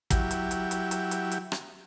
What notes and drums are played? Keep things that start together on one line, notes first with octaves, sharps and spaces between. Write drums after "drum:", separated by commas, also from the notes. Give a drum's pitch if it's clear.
F#3 E4 G4, drum: kick, hi-hat
drum: hi-hat
drum: hi-hat
drum: hi-hat
drum: hi-hat
drum: hi-hat
drum: hi-hat
drum: rim click